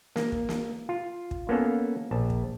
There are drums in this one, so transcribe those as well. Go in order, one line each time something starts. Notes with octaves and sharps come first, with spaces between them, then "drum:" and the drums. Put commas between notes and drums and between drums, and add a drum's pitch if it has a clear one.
A#3, drum: snare
drum: kick
drum: snare
F4
drum: kick
A#3 B3 C#4 A4 F5
A#1 A5
drum: kick